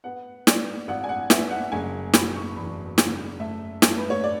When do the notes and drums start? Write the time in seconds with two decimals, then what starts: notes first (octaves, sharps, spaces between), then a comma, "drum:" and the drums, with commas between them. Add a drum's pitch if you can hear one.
0.04 B3 F#5
0.47 B3 D5, drum: snare
0.88 G#1 F#5
1.04 G#5
1.09 F#5
1.30 B3 E5, drum: snare
1.51 F#5
1.72 F#1 G#5
2.14 B2 B5, drum: snare
2.36 C#6
2.56 E2 B5
2.98 F#1, drum: snare
3.40 A3 E5
3.82 A3, drum: snare
3.97 B4
4.10 C#5
4.24 D5